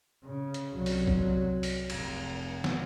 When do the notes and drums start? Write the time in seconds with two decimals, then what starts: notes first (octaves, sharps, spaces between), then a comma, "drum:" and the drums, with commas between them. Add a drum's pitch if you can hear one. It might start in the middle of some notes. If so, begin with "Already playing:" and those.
0.24 C#3
0.54 drum: hi-hat
0.74 C2 F#3
0.86 drum: open hi-hat
1.08 drum: kick A1
1.63 drum: open hi-hat
1.90 F1, drum: cymbal
2.64 drum: snare